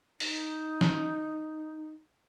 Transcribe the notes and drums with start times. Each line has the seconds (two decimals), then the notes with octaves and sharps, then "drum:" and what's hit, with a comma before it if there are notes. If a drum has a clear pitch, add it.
0.20 D#4, drum: open hi-hat
0.81 drum: snare